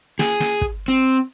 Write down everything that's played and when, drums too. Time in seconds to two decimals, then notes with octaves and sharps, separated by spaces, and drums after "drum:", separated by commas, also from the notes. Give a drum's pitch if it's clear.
0.19 G#4, drum: snare
0.40 drum: snare
0.61 drum: kick
0.88 C4